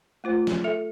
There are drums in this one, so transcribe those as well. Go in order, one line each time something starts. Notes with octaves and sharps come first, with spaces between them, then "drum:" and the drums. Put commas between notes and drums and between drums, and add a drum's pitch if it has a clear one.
A3 F4 C5
drum: snare
A4 E5